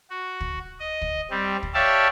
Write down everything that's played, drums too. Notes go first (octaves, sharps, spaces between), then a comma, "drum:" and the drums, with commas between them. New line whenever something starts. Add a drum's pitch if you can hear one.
F#4
drum: kick
D#5
drum: kick
G3 C4
drum: kick
G4 C#5 D5 E5 F5 A5